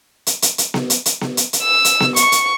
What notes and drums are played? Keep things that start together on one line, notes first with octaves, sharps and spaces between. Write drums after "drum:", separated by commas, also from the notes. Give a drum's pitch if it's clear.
drum: hi-hat
drum: hi-hat
drum: hi-hat
drum: snare B3
drum: hi-hat
drum: hi-hat
drum: snare B3
drum: hi-hat
drum: hi-hat
E6
drum: hi-hat
drum: snare B3
C#6, drum: hi-hat
drum: hi-hat